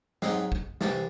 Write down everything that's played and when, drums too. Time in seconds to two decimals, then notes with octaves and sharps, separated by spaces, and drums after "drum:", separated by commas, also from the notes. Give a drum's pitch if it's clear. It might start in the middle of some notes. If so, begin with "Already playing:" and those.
0.22 G#2 F#3 C4 D#4 C6, drum: snare
0.52 drum: kick
0.81 C2 C3 E3 A5, drum: snare